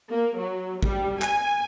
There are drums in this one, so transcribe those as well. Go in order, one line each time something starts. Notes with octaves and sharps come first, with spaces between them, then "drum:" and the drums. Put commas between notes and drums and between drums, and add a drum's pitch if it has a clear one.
A#3
F#3
G3, drum: kick
G#5, drum: clap